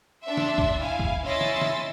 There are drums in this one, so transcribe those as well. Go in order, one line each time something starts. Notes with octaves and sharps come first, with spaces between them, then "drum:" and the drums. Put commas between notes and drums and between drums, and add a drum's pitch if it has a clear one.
D4 E5 C6 E6
drum: snare
drum: kick
E4 F5 G#5
drum: kick
C#4 E4 D#5 C6 E6 A6
drum: snare
drum: snare